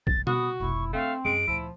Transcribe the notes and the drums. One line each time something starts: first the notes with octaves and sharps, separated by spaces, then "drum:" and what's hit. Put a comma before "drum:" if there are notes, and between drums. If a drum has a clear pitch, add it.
A6, drum: kick
B3 F#4 D#6, drum: tom B2
F1 B1 E4 C#6
A3 C4 D4 F5
F#2 G#3 D7
D2 A#2 F3 E4